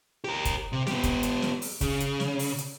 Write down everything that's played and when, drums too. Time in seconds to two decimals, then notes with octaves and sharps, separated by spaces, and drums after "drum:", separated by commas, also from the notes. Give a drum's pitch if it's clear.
0.24 G4 A#4
0.45 drum: kick, hi-hat
0.73 C3
0.87 B3 G4, drum: snare
1.03 drum: kick, hi-hat
1.23 drum: hi-hat
1.42 drum: snare
1.62 drum: open hi-hat
1.81 C#3, drum: kick, hi-hat
2.00 drum: hi-hat
2.20 drum: snare
2.39 drum: open hi-hat
2.59 drum: hi-hat